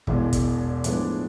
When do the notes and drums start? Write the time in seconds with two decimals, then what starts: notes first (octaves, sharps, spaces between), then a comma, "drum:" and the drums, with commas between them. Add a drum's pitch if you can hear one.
0.07 E1 E2 B2 G#3, drum: kick
0.33 drum: kick, hi-hat
0.84 A2 F3 G#3 B3 D4, drum: hi-hat